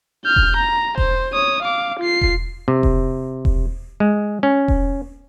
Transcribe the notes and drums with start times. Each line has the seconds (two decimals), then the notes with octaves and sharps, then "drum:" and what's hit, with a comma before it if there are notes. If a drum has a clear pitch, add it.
0.24 F6 G6
0.36 drum: kick E1
0.57 A#5
0.98 C5, drum: kick E1
1.33 C#5 D#6
1.63 F5 D6
2.00 F4 C7
2.21 drum: kick E1
2.68 C3
2.83 drum: kick E1
3.45 drum: kick E1
4.00 G#3
4.43 C#4
4.68 drum: kick E1